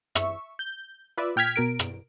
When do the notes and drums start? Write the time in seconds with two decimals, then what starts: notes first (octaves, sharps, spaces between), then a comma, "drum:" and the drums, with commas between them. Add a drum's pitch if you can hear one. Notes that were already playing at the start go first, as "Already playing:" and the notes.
0.15 E5 C#6, drum: rim click
0.59 G6
1.17 F4 B4 D5 E5
1.36 A#2 G5 F6 G#6 B6
1.56 B2 A#4 D7
1.79 drum: rim click